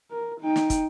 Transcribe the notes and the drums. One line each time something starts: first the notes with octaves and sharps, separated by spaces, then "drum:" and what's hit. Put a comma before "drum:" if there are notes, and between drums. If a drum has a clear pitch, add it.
A#4
D#4 G5
drum: snare
drum: kick, hi-hat